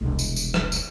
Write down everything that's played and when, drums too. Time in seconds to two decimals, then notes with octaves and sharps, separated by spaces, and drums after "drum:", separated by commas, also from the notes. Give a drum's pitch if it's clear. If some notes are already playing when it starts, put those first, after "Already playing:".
0.01 E1 C2
0.19 drum: tambourine
0.36 drum: tambourine
0.54 drum: rim click
0.72 drum: tambourine